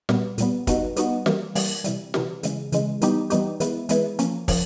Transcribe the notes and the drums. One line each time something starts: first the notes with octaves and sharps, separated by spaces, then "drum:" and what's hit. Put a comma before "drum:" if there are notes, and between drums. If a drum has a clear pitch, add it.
A#2 G3 B3, drum: snare
A#2 G3 B3, drum: hi-hat
G3 B3 D#4 F#4, drum: kick, hi-hat
G3 B3 D#4 F#4, drum: hi-hat
E3 G3 A#3, drum: snare
E3 G3 A#3, drum: open hi-hat
C3 E3 G3, drum: hi-hat
C3 E3 G3, drum: snare
C#3 E3 G#3, drum: hi-hat
C#3 E3 G#3, drum: hi-hat
E3 G3 B3 D#4 G4, drum: hi-hat
E3 G3 B3 D#4 G4, drum: hi-hat
E3 G#3 B3 E4, drum: hi-hat
E3 G#3 B3 E4, drum: hi-hat
F3 A#3 C#4, drum: hi-hat
F3 A#3 C#4, drum: kick, open hi-hat